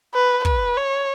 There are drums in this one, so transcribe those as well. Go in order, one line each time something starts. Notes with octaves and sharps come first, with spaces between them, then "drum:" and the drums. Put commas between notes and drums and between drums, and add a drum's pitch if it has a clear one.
B4
B4, drum: kick
C#5